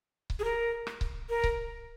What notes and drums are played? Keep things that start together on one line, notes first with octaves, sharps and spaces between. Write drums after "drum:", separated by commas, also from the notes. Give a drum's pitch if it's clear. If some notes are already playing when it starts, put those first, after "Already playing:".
drum: kick C#1
G#4
A#4
drum: rim click
drum: kick C#1
A#4
drum: kick C#1